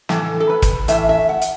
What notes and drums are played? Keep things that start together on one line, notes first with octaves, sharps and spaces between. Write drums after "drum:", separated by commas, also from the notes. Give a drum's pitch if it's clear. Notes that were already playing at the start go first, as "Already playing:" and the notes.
A2 E3 A4, drum: snare
A4
B4
drum: kick, hi-hat
A2 E3 E5, drum: hi-hat
E5
F#5
drum: hi-hat